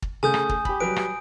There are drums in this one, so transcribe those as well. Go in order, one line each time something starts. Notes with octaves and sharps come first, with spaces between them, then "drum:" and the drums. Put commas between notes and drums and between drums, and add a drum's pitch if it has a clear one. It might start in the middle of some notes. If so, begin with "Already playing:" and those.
drum: kick
C#3 A3 G#5 D#6 G6
drum: rim click
drum: kick
G4 B5, drum: kick
F#3 G3 B4 D7
drum: rim click